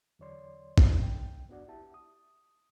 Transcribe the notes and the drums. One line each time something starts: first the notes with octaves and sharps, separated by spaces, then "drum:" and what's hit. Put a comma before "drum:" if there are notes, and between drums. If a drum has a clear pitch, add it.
E2 D3 F#3 C#5 D5 C6
drum: kick
C#2 G5
B3 D4 F#4 D5 F#5
E4 G4 E5 A5
D#6